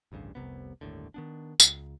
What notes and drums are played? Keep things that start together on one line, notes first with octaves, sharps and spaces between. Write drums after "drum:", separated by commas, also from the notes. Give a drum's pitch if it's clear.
A1 D2 G2 C#3
F1 C2 C3 B3
G1 D#2 A2 D3
D#3 B3 D4
C#2, drum: tambourine